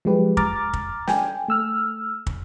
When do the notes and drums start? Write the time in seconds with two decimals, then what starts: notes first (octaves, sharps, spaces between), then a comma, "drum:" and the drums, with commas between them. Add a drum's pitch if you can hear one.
0.05 F3 F#3 G#3 G4 B4
0.37 A#5 D6 F6 A6, drum: kick
0.73 drum: kick
1.07 G5 G#5, drum: snare
1.48 A3 E6 F6
2.27 drum: kick